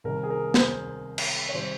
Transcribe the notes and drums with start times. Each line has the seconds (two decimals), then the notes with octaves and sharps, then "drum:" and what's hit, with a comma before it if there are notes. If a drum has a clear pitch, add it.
0.04 C2 C3 D#3 G3 A#4
0.23 G#4
0.30 A#4
0.54 C5, drum: snare
1.18 drum: cymbal
1.49 C#5
1.54 C3 D#3 G3 C5